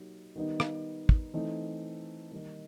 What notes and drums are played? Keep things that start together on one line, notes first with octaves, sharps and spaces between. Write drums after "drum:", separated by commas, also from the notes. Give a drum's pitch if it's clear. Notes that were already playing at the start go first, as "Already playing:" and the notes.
Already playing: F#3 A#3 D#4 G4
D#3 G3 B3 D#4
drum: rim click
drum: kick
E3 A3 C4 D#4
D#3 G3 A#3 D#4